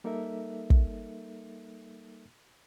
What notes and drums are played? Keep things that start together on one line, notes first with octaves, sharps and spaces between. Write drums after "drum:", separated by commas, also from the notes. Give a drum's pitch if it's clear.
G3 A#3 D#4 A4 A#4 E5
drum: kick